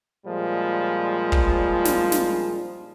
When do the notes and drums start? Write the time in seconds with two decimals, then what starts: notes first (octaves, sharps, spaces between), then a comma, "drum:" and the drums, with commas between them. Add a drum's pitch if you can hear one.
0.25 A#2 F3 G3 G#3
1.32 drum: kick
1.85 drum: snare
2.12 drum: snare